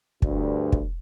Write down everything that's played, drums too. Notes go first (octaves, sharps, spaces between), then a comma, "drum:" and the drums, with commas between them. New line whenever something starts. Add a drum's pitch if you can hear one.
D2 G2, drum: kick
drum: kick